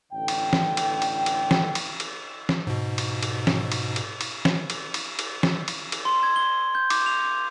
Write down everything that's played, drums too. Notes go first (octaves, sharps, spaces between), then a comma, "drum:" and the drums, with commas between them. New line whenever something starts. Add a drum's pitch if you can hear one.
A1 D3 G5
drum: cymbal
drum: snare
drum: cymbal
drum: cymbal
drum: cymbal
drum: snare
drum: cymbal
drum: cymbal
drum: snare
G#2 B2
drum: cymbal
drum: cymbal
drum: snare
drum: cymbal
drum: cymbal
drum: cymbal
drum: snare
drum: cymbal
drum: cymbal
drum: cymbal
drum: snare
drum: cymbal
drum: cymbal
C6
G#6
G7
G6
D6, drum: cymbal
F7
D6